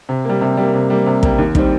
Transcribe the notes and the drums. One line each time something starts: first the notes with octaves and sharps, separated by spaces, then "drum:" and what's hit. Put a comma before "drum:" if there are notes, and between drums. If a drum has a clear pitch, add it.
C3
G3 A#3
C3
G3 A#3
C3
G3 A#3
C3
G3 A#3, drum: kick
D#2
D#3 G3 C4, drum: kick